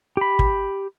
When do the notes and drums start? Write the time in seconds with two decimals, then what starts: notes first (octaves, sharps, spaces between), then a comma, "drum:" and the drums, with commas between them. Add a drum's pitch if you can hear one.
0.17 G4 B5
0.39 drum: kick